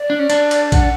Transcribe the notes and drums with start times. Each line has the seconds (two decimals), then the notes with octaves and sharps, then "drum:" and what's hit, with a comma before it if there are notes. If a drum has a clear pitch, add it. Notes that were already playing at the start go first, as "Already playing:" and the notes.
Already playing: D5
0.10 D4
0.19 C#4
0.30 D4, drum: cymbal
0.51 drum: cymbal
0.72 F#5, drum: kick, cymbal